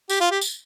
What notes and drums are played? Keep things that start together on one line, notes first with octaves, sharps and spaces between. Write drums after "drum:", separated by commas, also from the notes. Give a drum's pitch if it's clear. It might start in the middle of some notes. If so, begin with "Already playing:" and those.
G4, drum: tambourine
F4
G4
drum: tambourine